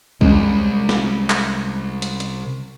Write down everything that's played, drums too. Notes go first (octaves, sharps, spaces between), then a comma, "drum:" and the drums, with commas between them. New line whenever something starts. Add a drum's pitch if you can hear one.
C2 G#3 C4 C#4, drum: kick C2
drum: snare
drum: clap
drum: hi-hat
drum: hi-hat